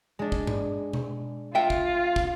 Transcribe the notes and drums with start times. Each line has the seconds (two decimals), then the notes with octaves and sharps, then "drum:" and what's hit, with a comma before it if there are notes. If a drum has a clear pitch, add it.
0.19 G#3 D4
0.32 drum: kick
0.47 drum: tom G2
0.93 drum: tom B2
1.55 F4 E5 G5
1.70 drum: kick
2.16 drum: kick